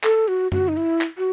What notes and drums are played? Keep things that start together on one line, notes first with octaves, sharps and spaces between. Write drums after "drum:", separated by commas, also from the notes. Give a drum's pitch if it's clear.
A4, drum: clap
F#4, drum: tambourine
F#4, drum: tom F#2
D#4
E4, drum: tambourine
drum: clap
F#4